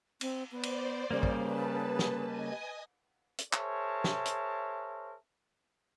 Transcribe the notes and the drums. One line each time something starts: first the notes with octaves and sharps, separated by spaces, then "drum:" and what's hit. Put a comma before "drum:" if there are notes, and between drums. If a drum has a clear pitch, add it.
C4, drum: cymbal
B3 C5 D5
drum: cymbal
C#3 G3 A#3
drum: kick
B4 A5
drum: snare
D#5 G#5 D#6
drum: hi-hat
G#4 A#4 C5 C#5 E5 A5, drum: clap
drum: snare
drum: hi-hat